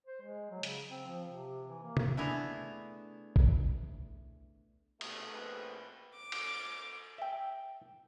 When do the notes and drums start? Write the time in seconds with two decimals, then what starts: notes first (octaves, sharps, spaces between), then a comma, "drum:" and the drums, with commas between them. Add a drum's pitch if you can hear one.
0.06 C5
0.22 G#3
0.51 F#3
0.63 C#3, drum: hi-hat
0.89 C4
1.07 F3
1.30 C3
1.68 E3
1.83 A#3
1.97 drum: tom
2.17 A3 B3 D4 E4 G#4 A#5
3.36 drum: kick A#1
5.01 C2 G2 B2 G#3 A3, drum: cymbal
5.32 A#1 B2 A3 C4 G#4 B4
6.15 D6
6.32 drum: cymbal
7.18 E5 G5